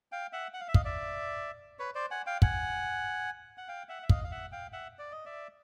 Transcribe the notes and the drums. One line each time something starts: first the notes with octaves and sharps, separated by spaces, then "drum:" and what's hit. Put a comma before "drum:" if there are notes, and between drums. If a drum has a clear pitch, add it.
F5 G5
E5 F#5
F#5
F5
E5
D#5 F5, drum: kick
D5 E5
B4 C#5
C5 D5
F#5 G#5
F5 G5
F#5 G#5, drum: kick
F#5
F5 G5
E5 F#5
E5
D#5 F5, drum: kick
F5
E5 F#5
F5 G5
E5 F#5
D5
D#5
D5 E5